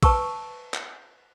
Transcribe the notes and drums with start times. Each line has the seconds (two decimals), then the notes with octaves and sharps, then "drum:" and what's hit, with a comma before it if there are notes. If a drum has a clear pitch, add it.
0.03 B4 A5 C#6 E6, drum: kick A#1, cymbal
0.74 drum: clap